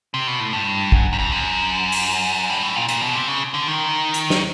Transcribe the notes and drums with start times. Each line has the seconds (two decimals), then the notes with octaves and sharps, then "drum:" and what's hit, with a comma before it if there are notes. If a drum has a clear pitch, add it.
0.14 C3
0.27 B2
0.40 A2
0.53 G2
0.92 F#2, drum: kick
1.13 F#2
1.19 F2
1.32 F#2
1.92 drum: open hi-hat
2.50 G2
2.62 A2
2.76 A#2
2.89 A#2, drum: hi-hat
3.01 B2
3.15 C3
3.28 C#3
3.54 D3
3.67 D#3
4.14 drum: hi-hat
4.30 drum: snare